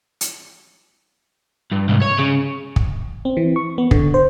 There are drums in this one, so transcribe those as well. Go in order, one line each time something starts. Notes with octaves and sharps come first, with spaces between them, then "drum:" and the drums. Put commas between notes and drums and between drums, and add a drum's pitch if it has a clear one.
drum: hi-hat
G2
C2 G#2
C#5
C#3
drum: kick
C4
E3
C#6
B3
D3, drum: kick
C5